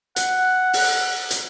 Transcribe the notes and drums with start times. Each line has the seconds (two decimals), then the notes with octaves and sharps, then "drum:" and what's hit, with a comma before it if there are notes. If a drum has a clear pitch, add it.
0.16 F#5, drum: hi-hat
0.73 drum: open hi-hat
1.31 drum: hi-hat